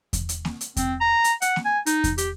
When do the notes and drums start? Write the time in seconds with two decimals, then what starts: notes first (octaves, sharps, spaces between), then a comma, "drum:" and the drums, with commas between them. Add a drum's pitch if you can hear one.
0.13 drum: kick E2, hi-hat
0.29 drum: hi-hat
0.45 drum: snare A#3
0.61 drum: hi-hat
0.77 C4, drum: kick E2, hi-hat
1.01 A#5
1.24 drum: hi-hat
1.42 F#5, drum: hi-hat
1.56 drum: snare A#3
1.65 G#5
1.86 D#4, drum: hi-hat
2.04 drum: kick E2, hi-hat
2.18 G4, drum: hi-hat